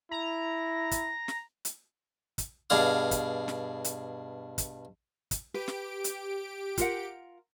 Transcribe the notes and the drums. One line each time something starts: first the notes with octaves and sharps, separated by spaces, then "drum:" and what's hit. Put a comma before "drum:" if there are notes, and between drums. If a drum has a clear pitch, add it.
E4 A#5
drum: kick, hi-hat
drum: snare
drum: hi-hat
drum: kick, hi-hat
G2 B2 G#4 D5 F5 D#6
drum: kick, hi-hat
drum: snare
drum: hi-hat
drum: kick, hi-hat
drum: kick, hi-hat
G4 B4 D7
drum: snare
drum: hi-hat
F4 A#4 F#5, drum: kick, hi-hat